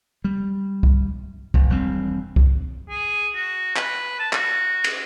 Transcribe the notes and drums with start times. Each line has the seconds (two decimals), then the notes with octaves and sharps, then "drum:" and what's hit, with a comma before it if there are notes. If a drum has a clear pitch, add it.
0.24 G3
0.83 drum: kick C2
1.54 E1, drum: kick C2
1.69 E1 D#2 G3 C4
2.36 drum: kick C2
2.90 G#4
3.35 F#4
3.76 B4, drum: clap
4.19 A5
4.33 F#4, drum: clap
4.84 drum: cymbal